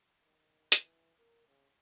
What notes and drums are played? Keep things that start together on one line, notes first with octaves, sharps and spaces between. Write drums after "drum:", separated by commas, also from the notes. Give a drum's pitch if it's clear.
D#3
E3, drum: hi-hat
A#4
C#3